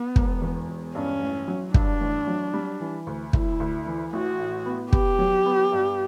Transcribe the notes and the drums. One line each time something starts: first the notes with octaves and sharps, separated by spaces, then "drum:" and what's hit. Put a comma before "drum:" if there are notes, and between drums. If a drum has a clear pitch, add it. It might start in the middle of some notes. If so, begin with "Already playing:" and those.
Already playing: B3
E1, drum: kick
E2
E1
G2 C#4
A1
F#3
G2 D4, drum: kick
A1
F#3
G3
E3
D2
D2 E4, drum: kick
D2
E3
A1 F#4
A2
B3
B3 G4, drum: kick
F#3
B3
G2